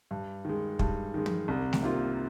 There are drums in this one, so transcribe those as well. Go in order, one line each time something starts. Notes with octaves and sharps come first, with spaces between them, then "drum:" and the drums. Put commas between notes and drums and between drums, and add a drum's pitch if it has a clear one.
G2
D#3 G#3
G2, drum: kick
D#3 G#3
drum: tom
C2
drum: snare A3
C3 D#3 A#3 F4